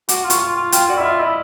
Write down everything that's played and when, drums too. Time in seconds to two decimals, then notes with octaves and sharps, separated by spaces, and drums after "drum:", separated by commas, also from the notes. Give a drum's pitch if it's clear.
0.09 F#4 D6, drum: hi-hat
0.24 F4
0.30 C#6, drum: hi-hat
0.40 F4
0.56 F4
0.72 F4 G5, drum: hi-hat
0.89 F#4 D5
0.97 E4
1.00 E5
1.04 F4 D#5
1.20 E4 D#5